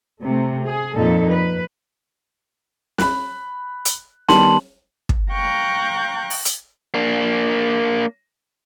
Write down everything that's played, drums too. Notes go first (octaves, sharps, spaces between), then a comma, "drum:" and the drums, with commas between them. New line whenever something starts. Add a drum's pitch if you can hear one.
C3 A3
G#4
F2 A#2 D#4 A4
B4
B5 F#6, drum: snare
drum: hi-hat
D#3 G3 B3 A5 C6 F#7, drum: snare
drum: kick
F5 G5 A#5 C#6 F#6 G6
drum: open hi-hat
drum: hi-hat
A#3 D4